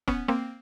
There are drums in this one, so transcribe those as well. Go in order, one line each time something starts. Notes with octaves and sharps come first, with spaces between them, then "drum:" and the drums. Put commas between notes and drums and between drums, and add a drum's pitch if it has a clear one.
B3 C#4, drum: kick
A#3 C4